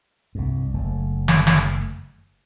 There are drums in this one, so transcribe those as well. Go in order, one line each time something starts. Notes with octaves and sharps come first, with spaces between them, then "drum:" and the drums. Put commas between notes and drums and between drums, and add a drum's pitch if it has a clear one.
C2 G2
F#1 A3
drum: snare
drum: snare